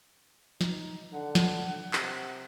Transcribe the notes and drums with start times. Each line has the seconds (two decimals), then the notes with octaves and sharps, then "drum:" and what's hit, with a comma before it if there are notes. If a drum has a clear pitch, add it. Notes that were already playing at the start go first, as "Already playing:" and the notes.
0.61 D#4, drum: snare
1.13 D3 F#5
1.35 drum: snare
1.93 C3, drum: clap